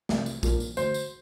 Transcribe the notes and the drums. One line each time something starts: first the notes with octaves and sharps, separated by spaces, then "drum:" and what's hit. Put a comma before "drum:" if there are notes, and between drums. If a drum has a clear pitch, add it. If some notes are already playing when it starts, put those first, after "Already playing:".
C2, drum: snare
drum: tambourine
A#2 F3 A#3, drum: kick, tambourine
drum: tambourine
D2 C5, drum: tambourine
drum: tambourine